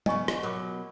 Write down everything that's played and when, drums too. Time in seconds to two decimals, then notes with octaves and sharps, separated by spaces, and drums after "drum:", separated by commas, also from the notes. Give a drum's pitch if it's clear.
0.06 C#3 B3 D#5 G#5 C#6, drum: tom F#3
0.28 drum: rim click
0.43 B2 F#3 A#4 D6